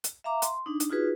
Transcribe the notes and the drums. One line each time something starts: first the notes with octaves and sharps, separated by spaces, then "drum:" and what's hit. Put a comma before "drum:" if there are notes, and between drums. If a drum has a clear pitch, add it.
drum: hi-hat
E5 F5 A#5 D6
C6, drum: hi-hat
D4 D#4
drum: hi-hat
D#4 F4 F#4 G#4 B4